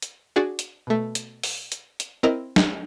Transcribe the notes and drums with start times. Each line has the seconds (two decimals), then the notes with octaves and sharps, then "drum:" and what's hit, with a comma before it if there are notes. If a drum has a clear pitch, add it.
0.02 drum: hi-hat
0.36 D4 F#4 G#4 D5
0.59 drum: hi-hat
0.87 B2 A3
1.15 drum: hi-hat
1.43 drum: open hi-hat
1.72 drum: hi-hat
2.00 drum: hi-hat
2.23 C4 E4 A#4 D#5
2.56 drum: snare